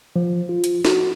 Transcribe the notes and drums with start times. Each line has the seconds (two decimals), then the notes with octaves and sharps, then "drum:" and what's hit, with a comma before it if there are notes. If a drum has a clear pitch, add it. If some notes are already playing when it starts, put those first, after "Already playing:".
0.16 F3
0.49 F4
0.64 drum: hi-hat
0.85 F#4, drum: snare